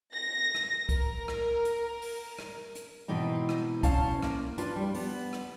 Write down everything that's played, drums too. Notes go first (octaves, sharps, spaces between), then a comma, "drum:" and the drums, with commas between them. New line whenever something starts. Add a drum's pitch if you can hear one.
A#6
drum: rim click
A#4, drum: kick C2, hi-hat
drum: rim click
drum: hi-hat
drum: open hi-hat
drum: rim click
drum: hi-hat
G#2 B2 E3 C4 D#4
drum: rim click
B2 C#4 C5 F5 A5, drum: kick C2, hi-hat
A#3, drum: rim click
D4 F4 B4, drum: hi-hat
G3
B3, drum: open hi-hat
drum: rim click